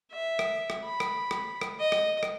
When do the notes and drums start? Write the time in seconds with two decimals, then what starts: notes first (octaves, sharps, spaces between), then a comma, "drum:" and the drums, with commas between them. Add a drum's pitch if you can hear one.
0.11 E5
0.39 drum: rim click
0.70 drum: rim click
0.85 B5
1.00 drum: rim click
1.31 drum: rim click
1.61 drum: rim click
1.80 D#5
1.92 drum: rim click
2.23 drum: rim click